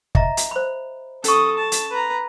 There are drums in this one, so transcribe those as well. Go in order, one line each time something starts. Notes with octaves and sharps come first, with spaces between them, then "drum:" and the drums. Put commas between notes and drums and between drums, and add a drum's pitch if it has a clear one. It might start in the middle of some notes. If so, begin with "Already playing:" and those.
D#5 E5 A#5, drum: kick
drum: hi-hat
C5 B5
C#4 A4 C#6 D#6, drum: hi-hat
A5
drum: hi-hat
B4 A#5